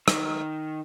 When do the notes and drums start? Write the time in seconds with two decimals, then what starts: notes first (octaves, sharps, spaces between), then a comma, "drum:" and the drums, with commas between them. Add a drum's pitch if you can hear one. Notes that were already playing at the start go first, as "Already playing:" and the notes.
0.08 D#3, drum: rim click